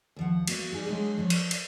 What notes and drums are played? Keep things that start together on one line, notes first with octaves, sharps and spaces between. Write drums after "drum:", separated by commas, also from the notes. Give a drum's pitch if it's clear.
D#2 F3 F#5
A#3 B3 F#4, drum: cymbal
G3 D#4 G#4
F#3 G#3 D4 G#4
F3 C#5 D5
drum: cymbal
drum: cymbal